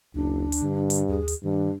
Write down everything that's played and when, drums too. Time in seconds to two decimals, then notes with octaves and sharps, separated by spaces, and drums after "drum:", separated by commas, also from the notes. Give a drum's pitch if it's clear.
0.15 F#1 D2 D4
0.52 drum: hi-hat
0.62 G2 D3
0.90 drum: hi-hat
1.09 D#2 G#4
1.28 drum: hi-hat
1.44 G2 D#3 D4